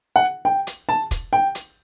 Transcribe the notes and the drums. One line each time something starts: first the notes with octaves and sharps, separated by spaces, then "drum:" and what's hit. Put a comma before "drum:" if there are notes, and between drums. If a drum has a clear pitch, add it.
F#5
G5
drum: hi-hat
A5
drum: kick, hi-hat
G5
drum: hi-hat